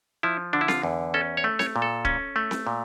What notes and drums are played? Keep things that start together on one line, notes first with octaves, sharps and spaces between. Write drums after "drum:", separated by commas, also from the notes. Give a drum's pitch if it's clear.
F3 E4
D3 D4
E4
F4, drum: snare C4
E2
C#4 A4
C#5
A3
C#5, drum: snare C4
A#2
A4
C#4, drum: kick C#1
A3
drum: snare C4
A#2